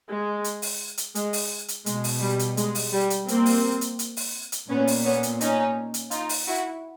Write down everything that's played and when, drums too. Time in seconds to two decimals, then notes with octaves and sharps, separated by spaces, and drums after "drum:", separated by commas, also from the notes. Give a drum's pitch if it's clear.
0.09 G#3
0.44 drum: hi-hat
0.62 drum: open hi-hat
0.98 drum: hi-hat
1.15 G#3, drum: hi-hat
1.33 drum: open hi-hat
1.68 drum: hi-hat
1.86 B2 G#3, drum: hi-hat
2.04 drum: open hi-hat
2.22 G3
2.39 drum: hi-hat
2.57 G#3, drum: hi-hat
2.75 drum: open hi-hat
2.93 G3
3.10 drum: hi-hat
3.28 A#3 C4, drum: hi-hat
3.46 drum: open hi-hat
3.81 drum: hi-hat
3.99 drum: hi-hat
4.17 drum: open hi-hat
4.52 drum: hi-hat
4.70 A#2 B3 C#4
4.87 drum: open hi-hat
5.05 B3 C#4
5.23 drum: hi-hat
5.41 C#4 D#4, drum: hi-hat
5.94 drum: hi-hat
6.11 D#4 F4, drum: hi-hat
6.29 drum: open hi-hat
6.47 E4 F#4